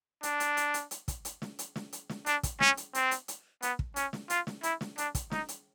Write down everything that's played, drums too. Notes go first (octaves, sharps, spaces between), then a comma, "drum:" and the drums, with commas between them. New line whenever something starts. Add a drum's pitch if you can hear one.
D4, drum: hi-hat
drum: hi-hat
drum: hi-hat
drum: hi-hat
drum: hi-hat
drum: kick, hi-hat
drum: hi-hat
drum: snare
drum: hi-hat
drum: snare
drum: hi-hat
drum: snare
D4, drum: hi-hat
drum: kick, hi-hat
C#4, drum: snare
drum: hi-hat
C4, drum: hi-hat
drum: hi-hat
drum: hi-hat
B3, drum: hi-hat
drum: kick
C#4, drum: hi-hat
drum: snare
F4, drum: hi-hat
drum: snare
E4, drum: hi-hat
drum: snare
D4, drum: hi-hat
drum: kick, hi-hat
D#4, drum: snare
drum: hi-hat